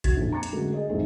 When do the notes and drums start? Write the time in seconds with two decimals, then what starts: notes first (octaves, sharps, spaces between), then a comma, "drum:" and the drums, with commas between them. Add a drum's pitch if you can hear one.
0.04 F1 F#4 G#6 A6 B6, drum: kick A1, hi-hat
0.17 A#1 F2 A#2
0.32 A#5 D6 A6 C#7
0.43 drum: hi-hat
0.53 D3 G#3 A3 C#4 F#4 A#4
0.72 G#4 D#5
0.89 C2 F2 A2 C3 D#3 G#3